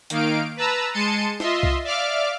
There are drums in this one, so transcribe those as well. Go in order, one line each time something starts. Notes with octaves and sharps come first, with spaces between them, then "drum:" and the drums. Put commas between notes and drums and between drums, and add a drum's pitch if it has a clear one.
D#3 A#3 D#4 F5 D7, drum: hi-hat
B4 A5 A#5 E6
G#3 A5 C6 C#7 D#7
F4 D#5 E5 C6, drum: snare
drum: kick C2
D5 E5 F5 D6 F6